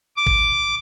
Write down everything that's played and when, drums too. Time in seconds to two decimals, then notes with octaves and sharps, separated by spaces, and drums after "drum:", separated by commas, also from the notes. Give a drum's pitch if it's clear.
0.16 D6
0.27 drum: kick